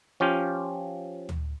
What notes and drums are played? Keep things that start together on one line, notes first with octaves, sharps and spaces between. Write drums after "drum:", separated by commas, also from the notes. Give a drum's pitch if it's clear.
F3 C#4 F4 G4
drum: tom D2